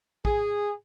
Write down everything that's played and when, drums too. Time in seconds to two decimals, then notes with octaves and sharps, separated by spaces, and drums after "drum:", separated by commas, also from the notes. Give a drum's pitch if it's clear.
0.25 G#4, drum: kick